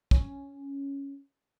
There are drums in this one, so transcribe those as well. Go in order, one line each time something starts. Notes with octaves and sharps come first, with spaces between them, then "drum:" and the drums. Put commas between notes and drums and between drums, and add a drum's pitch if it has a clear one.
C#4, drum: kick